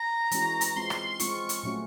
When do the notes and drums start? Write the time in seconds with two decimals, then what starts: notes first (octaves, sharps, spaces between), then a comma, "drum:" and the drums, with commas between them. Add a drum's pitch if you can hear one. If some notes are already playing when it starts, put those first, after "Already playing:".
Already playing: A#5
0.31 E3 G#3 C#4 F#4, drum: hi-hat
0.61 drum: hi-hat
0.76 G#3 C4 F4 C6
0.90 drum: rim click
1.20 G#3 C4 F4 C#6, drum: hi-hat
1.49 drum: hi-hat
1.63 A#2 F#3 A3 C#4 F#4